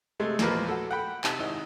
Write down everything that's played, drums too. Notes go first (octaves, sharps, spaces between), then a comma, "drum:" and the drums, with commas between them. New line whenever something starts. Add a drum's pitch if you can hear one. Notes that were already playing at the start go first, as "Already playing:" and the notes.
C3 G#3 A3
E2 A#2 F3 A#3 A#4 B4, drum: snare
F#4 A4
F#5 G5 B5
C3 D#4 G#5 A5, drum: clap
G#1 D#4 E4